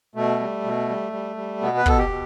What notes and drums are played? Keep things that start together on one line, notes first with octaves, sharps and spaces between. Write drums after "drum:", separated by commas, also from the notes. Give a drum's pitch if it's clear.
B2 A3
G3
B2
G3
G3
G3
B2 B3
B4
B2 A4, drum: kick
G4
B2